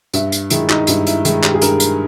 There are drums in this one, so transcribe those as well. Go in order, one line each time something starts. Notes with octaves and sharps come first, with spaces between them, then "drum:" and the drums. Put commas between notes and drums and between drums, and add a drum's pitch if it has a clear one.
G2 E5, drum: hi-hat
drum: hi-hat
D#3 G#3 E4, drum: hi-hat
D#4, drum: clap
G2 E4, drum: hi-hat
E4, drum: hi-hat
D#3 G#3 E4, drum: hi-hat
G4, drum: clap
G#4
G2 A#4, drum: hi-hat
A#4, drum: hi-hat